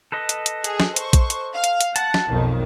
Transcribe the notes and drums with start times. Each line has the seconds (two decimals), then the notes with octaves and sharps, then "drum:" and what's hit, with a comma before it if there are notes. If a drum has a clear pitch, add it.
0.12 A4 B4 D#5
0.29 drum: hi-hat
0.46 drum: hi-hat
0.64 G#4, drum: hi-hat
0.80 drum: snare
0.96 C5 C#6, drum: hi-hat
1.13 drum: kick A#1, hi-hat
1.30 drum: hi-hat
1.54 F5
1.64 drum: hi-hat
1.81 drum: hi-hat
1.96 F#5 A5, drum: hi-hat
2.14 drum: snare
2.28 B1 F2 D#3